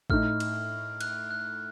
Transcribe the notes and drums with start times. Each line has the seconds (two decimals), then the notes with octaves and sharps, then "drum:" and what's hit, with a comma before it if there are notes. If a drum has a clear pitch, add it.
0.10 A2 A3 D#4 F6, drum: kick
0.40 drum: cymbal
1.01 F#6, drum: cymbal
1.31 F#6